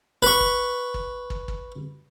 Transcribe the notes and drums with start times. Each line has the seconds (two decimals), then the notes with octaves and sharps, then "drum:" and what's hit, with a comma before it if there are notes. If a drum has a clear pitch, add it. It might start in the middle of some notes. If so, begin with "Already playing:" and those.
0.22 B4 C#6, drum: kick
0.40 drum: kick
0.94 drum: kick
1.30 drum: kick
1.48 drum: kick